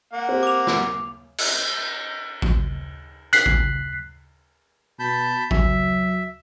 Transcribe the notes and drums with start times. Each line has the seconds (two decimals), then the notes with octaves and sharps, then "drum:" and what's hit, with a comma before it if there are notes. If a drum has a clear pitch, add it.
0.13 A#3 F#5
0.29 C4 G4
0.43 D6 F7
0.67 drum: snare
1.38 drum: cymbal
2.42 drum: kick A1
3.33 F#6 B6 C7, drum: hi-hat
3.46 drum: kick A1
4.99 B2 A5 B5 G6
5.51 F#3 E5, drum: kick A1